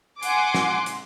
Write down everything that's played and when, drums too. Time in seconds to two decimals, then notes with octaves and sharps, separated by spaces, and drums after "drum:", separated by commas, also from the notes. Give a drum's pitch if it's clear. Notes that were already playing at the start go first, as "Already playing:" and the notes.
0.23 F#5 G#5 C6 D6, drum: hi-hat
0.54 drum: snare
0.86 drum: hi-hat